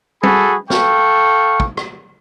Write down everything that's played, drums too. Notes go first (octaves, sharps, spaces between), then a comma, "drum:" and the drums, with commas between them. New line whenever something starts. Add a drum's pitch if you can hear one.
F#4 G#4 A4 B5, drum: tom
A4 F5 G5 C#6, drum: snare
drum: kick
drum: rim click